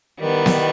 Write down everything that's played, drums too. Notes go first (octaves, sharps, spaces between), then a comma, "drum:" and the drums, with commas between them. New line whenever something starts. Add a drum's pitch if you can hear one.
D#3 E3 G3 B3
drum: snare B3